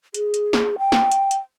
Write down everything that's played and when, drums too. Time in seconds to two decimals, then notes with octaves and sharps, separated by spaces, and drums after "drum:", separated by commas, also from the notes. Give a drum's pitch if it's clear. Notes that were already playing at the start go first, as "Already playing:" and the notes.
0.14 G#4, drum: hi-hat
0.34 drum: hi-hat
0.53 drum: snare
0.79 G5
0.92 drum: snare
1.12 drum: hi-hat
1.31 drum: hi-hat